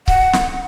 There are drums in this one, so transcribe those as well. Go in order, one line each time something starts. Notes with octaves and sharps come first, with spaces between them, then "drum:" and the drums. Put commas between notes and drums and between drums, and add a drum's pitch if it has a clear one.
F#5, drum: kick C#1
drum: snare